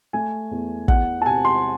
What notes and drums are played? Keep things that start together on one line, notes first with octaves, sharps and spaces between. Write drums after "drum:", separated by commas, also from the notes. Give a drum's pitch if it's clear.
A3 G#5
E2
E2 F#5, drum: kick
A5
C3 G#5
C6